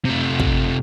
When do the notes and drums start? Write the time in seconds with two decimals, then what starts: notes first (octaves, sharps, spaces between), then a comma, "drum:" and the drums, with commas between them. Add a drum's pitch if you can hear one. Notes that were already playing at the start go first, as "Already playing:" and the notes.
0.05 C3 A3
0.40 drum: kick